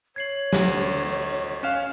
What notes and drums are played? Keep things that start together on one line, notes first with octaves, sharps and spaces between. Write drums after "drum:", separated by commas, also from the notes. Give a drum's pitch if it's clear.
C#5 G#6 C7 F#7
D2, drum: snare
drum: cymbal
C#4 F5 G#5 F6 F#6 E7